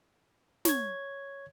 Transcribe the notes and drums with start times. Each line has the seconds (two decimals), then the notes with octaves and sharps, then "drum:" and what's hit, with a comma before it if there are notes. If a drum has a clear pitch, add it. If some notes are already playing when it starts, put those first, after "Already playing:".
0.65 C#5 G#6, drum: snare